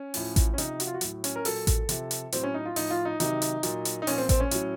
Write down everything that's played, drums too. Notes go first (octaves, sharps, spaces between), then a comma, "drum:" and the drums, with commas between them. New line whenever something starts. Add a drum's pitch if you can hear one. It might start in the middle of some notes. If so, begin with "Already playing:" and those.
Already playing: C#4
A2 F3, drum: open hi-hat
drum: kick A1, hi-hat
C#4
C3 F3 D#4, drum: hi-hat
F#4, drum: hi-hat
F4
F#4
A2 F#3, drum: hi-hat
C#4, drum: hi-hat
A#4
A#2 F#3 A4, drum: open hi-hat
drum: kick A1, hi-hat
C3 F3, drum: hi-hat
drum: hi-hat
A2 F#3 C4, drum: hi-hat
C#4
D#4
F4
A2 F3 D#4, drum: open hi-hat
F4
D#4
C3 D#3 F#3 D#4, drum: hi-hat
drum: hi-hat
A#2 F#3, drum: hi-hat
drum: hi-hat
D#4
A#2 F3 C#4, drum: open hi-hat
C4
C4, drum: kick A1, hi-hat
C#4
A2 F#3, drum: hi-hat